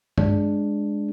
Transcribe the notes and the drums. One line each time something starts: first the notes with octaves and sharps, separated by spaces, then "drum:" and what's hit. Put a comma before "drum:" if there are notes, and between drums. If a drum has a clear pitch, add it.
G#3 D4, drum: tom